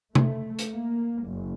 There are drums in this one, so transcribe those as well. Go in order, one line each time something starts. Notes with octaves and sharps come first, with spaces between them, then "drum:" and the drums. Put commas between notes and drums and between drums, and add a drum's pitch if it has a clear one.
A3, drum: tom C3
drum: hi-hat
A#3
F#1